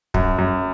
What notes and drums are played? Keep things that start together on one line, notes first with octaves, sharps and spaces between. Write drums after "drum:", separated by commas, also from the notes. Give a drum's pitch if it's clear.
F#2, drum: kick
F#2